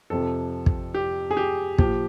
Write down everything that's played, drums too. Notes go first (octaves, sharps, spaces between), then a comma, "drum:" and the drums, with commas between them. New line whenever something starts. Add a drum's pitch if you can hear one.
F2 C3 F3 A4
drum: kick
G4
G#4
G4
A#2 F3 G4, drum: kick